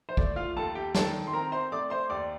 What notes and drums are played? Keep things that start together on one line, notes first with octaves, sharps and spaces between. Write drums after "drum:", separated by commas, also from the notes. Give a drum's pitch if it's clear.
C5
A3 D5, drum: kick
F4 F5
D#2 A4 A5
G4 G5
D#3 A4 A5, drum: snare
C6
C4 A#4 A#5
C5 C6
A3 D5 D6
C5 C6
D#2 D5 D6